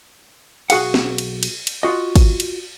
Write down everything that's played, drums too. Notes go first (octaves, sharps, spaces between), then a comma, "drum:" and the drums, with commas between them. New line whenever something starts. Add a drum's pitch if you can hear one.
B1 F#4 G#4 F5 F#5, drum: cymbal
drum: snare
drum: cymbal
drum: cymbal
drum: cymbal
F4 F#4 D#5
drum: kick, cymbal
drum: cymbal